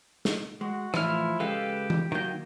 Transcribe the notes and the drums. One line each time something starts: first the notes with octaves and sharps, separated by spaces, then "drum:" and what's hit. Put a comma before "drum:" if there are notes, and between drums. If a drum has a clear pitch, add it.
drum: snare
G#3 F#4
A2 E3 F3 E4 F6, drum: rim click
C#3 G#3 G4 A4 B4 F5
drum: tom E3
D#3 F#3 A#3 G6